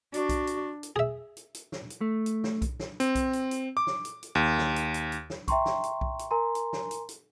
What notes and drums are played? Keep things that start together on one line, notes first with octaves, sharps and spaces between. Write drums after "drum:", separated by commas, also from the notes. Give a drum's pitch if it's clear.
D4 F#4, drum: hi-hat
drum: kick B1, hi-hat
drum: hi-hat
drum: hi-hat
G#4 E5
drum: hi-hat
drum: hi-hat
drum: snare
drum: hi-hat
A3
drum: hi-hat
drum: snare
drum: kick B1, hi-hat
drum: snare
C4, drum: hi-hat
drum: kick B1, hi-hat
drum: hi-hat
drum: hi-hat
D6
drum: snare
drum: hi-hat
drum: hi-hat
D#2
drum: snare
drum: hi-hat
drum: hi-hat
drum: hi-hat
drum: snare
E5 G5 A#5 C6 C#6, drum: kick B1, hi-hat
drum: snare
drum: hi-hat
drum: kick B1
drum: hi-hat
A#4 G#5 A#5 C6
drum: hi-hat
drum: snare
drum: hi-hat
drum: hi-hat